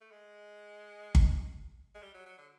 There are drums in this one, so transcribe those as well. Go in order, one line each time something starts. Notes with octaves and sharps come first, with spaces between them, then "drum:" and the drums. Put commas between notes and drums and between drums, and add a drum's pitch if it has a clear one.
A3
G#3
drum: kick G1
G#3
G3
F#3
F#3
D3